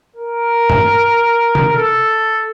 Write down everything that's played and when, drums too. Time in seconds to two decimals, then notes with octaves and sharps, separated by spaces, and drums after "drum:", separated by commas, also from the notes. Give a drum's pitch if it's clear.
0.16 A#4
0.70 drum: tom G2
1.55 drum: tom
1.76 A4